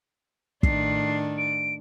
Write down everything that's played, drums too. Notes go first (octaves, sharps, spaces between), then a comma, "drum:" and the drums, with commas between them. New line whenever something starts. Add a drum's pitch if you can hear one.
A2 D#3 D4 C7, drum: kick
D7